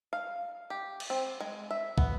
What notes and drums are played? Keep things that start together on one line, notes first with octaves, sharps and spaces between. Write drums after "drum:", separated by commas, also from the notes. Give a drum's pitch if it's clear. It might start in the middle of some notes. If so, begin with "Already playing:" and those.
F5
G4
drum: cymbal
C4
G#3
E5
B3, drum: kick